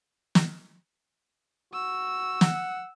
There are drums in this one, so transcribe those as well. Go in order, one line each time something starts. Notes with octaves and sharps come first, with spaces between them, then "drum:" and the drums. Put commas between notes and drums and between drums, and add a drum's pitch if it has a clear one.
drum: snare
F#4 E6
F#5, drum: snare